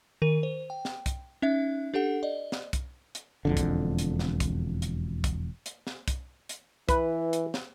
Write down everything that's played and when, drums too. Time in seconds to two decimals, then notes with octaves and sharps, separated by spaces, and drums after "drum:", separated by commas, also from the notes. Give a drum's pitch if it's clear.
0.22 D#3 A#4 D#7
0.43 C5
0.70 G5
0.85 drum: snare
1.06 drum: kick, hi-hat
1.42 C#4 D#4 E5
1.94 D4 G4 A4 F#5
2.23 D5 D#5
2.52 drum: snare
2.73 drum: kick, hi-hat
3.15 drum: hi-hat
3.45 E1 F2 D3
3.57 drum: kick, hi-hat
3.99 drum: hi-hat
4.19 drum: snare
4.40 drum: kick, hi-hat
4.82 drum: hi-hat
5.24 drum: kick, hi-hat
5.66 drum: hi-hat
5.87 drum: snare
6.08 drum: kick, hi-hat
6.49 drum: hi-hat
6.89 E3 B4, drum: kick, hi-hat
7.33 drum: hi-hat
7.54 drum: snare